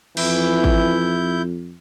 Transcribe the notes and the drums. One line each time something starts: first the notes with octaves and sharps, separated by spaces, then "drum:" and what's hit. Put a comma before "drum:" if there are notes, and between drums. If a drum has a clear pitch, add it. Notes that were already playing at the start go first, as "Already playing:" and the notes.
F2 E3 E4 G6, drum: cymbal
drum: kick